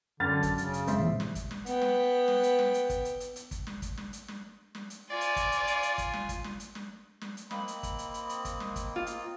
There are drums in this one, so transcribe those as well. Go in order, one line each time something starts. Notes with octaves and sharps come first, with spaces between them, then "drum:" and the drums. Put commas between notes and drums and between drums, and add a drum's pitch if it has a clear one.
F#2 D3 F6 A6
drum: kick, hi-hat
C#3, drum: hi-hat
drum: hi-hat
G#3 C4 C5 E5, drum: hi-hat
A#2 E3 G3
drum: snare
drum: kick, hi-hat
drum: snare
B3 G5, drum: hi-hat
drum: snare
drum: snare
drum: hi-hat
drum: snare
drum: hi-hat
drum: kick, hi-hat
drum: hi-hat
drum: hi-hat
drum: hi-hat
drum: kick, hi-hat
drum: snare
drum: kick, hi-hat
drum: snare
drum: hi-hat
drum: snare
drum: snare
drum: hi-hat
F4 D5 G#5
drum: hi-hat
drum: kick, hi-hat
drum: hi-hat
drum: hi-hat
drum: hi-hat
drum: kick, hi-hat
drum: snare
drum: kick, hi-hat
drum: snare
drum: hi-hat
drum: snare
drum: snare
drum: hi-hat
A#3 C4 D#5 B5, drum: snare
drum: hi-hat
drum: kick, hi-hat
drum: hi-hat
drum: hi-hat
drum: hi-hat
drum: kick, hi-hat
drum: snare
drum: kick, hi-hat
F4
drum: hi-hat